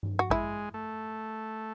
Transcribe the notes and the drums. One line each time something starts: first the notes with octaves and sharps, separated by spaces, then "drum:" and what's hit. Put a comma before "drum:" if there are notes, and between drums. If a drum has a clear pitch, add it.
drum: tom G2
F#4
G#3 E4, drum: kick A1
A3